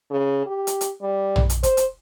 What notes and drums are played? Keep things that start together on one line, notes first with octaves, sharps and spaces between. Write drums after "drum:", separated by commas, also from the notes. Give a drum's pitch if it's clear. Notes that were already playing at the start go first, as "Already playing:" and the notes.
C#3
G4
drum: hi-hat
drum: hi-hat
G3
drum: tom A#1
drum: hi-hat
C5, drum: kick, hi-hat
drum: hi-hat